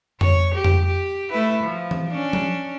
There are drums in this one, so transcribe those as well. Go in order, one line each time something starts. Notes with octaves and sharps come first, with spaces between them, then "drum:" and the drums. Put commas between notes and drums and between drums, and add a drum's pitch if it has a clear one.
C#5, drum: tom F2
G4
drum: tom F2
G4
A3 E4 B4
F3
drum: tom E3
C#4 D4
drum: tom F3